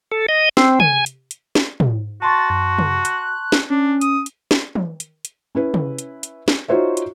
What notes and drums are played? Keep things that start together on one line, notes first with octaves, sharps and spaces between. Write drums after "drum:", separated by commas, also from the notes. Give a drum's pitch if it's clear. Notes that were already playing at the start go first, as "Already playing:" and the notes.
A4
D#5
C4, drum: snare
G#5, drum: tom
drum: hi-hat
drum: hi-hat
drum: snare
drum: tom
F#4 A5 C6 C#6 A6
F#2
drum: tom
F#6, drum: hi-hat
drum: snare
C#4 D4
D#6, drum: hi-hat
drum: hi-hat
drum: snare
drum: tom
drum: hi-hat
drum: hi-hat
C#4 E4 B4
drum: tom
drum: hi-hat
drum: hi-hat
drum: snare
D#4 F4 F#4 C5 C#5 E5
drum: hi-hat